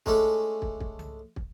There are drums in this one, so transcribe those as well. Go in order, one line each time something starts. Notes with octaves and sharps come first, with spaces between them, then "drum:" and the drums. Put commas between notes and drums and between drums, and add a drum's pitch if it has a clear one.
G#3 A3 C#4 D4 A4, drum: kick
drum: kick
drum: kick
drum: tom C2
drum: kick